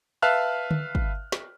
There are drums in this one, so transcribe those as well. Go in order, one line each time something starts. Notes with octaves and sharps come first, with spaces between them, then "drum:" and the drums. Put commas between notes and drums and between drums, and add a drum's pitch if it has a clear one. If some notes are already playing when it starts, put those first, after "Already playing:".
B4 E5 F5 A5 F6 F#6
drum: tom D3
drum: kick
drum: snare